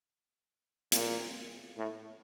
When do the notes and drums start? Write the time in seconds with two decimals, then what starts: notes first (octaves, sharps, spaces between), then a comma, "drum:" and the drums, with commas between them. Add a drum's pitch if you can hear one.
0.92 A#2, drum: hi-hat
1.77 A2